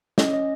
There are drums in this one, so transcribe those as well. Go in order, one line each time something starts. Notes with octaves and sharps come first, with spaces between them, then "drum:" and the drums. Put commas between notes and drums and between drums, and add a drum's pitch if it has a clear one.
C#4 D#5, drum: snare
D#5